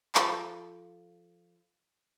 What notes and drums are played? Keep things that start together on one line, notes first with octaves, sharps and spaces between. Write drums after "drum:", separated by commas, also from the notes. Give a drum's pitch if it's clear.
F3 A4 A5, drum: clap